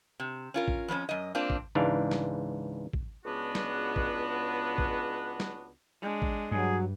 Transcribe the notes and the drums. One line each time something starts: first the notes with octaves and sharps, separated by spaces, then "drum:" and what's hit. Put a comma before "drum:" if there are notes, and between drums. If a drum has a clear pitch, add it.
C3
C#4 F4 A#4
drum: kick
F2 F3 B3 C#4
F#2 D#5
A#3 C4 D4 F4
drum: kick
C#2 G#2 E3 D4 F5
drum: snare
drum: kick
C#2 B3 D4 F#4
drum: snare
drum: kick
drum: kick
drum: snare
G#3 D4
drum: kick
G2 F#3 G#4